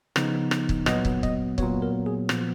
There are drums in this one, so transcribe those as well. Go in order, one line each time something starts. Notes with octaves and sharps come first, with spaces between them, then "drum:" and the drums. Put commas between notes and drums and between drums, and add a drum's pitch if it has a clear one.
C#3 F3 B3 D#4, drum: rim click
drum: rim click
drum: kick
A#2 F#3 B3 D#5, drum: rim click
drum: kick
D#5, drum: kick
A#2 F#3 B3 C#5, drum: kick
A#4
G#4
A#2 F3 B3, drum: rim click